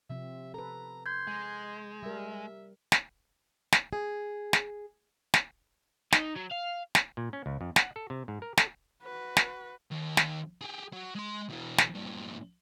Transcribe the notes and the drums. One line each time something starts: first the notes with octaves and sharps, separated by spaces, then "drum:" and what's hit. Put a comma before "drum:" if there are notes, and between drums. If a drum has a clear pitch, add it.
C3 F3 C4 E5
A4 B4 A#5
C6 G6 G#6
G#3
G3 A#4 E5
drum: snare
drum: snare
G#4
drum: snare
drum: snare
D#4, drum: snare
F#3
F5
drum: snare
A#2
C#4
C#2
F2
F#5, drum: snare
A4
C3
G#2
A#4
A4, drum: snare
F#4 B4
drum: snare
D#2
drum: snare
G4 G#4
F#3
G#3 C6
B2 E3
drum: snare
G2 A#2